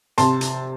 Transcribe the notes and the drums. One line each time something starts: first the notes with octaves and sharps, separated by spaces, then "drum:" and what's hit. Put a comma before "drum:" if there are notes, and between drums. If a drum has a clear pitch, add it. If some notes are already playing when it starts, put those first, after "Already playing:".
C3 A5 C6, drum: hi-hat
drum: hi-hat